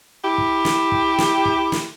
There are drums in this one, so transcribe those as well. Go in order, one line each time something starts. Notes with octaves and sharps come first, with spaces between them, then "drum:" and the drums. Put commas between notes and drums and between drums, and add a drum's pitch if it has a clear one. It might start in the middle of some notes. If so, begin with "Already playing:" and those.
E4 G4
drum: kick
drum: snare
drum: kick
drum: snare
drum: kick
drum: snare